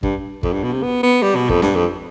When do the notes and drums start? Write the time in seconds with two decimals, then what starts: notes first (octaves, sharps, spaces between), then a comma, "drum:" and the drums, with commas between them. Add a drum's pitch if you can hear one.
0.03 G2, drum: kick
0.43 F2, drum: kick
0.52 G2
0.63 B2
0.73 C3
0.82 B3
1.03 B3
1.22 G3
1.36 B2
1.49 F2, drum: kick
1.62 G2, drum: snare
1.75 F2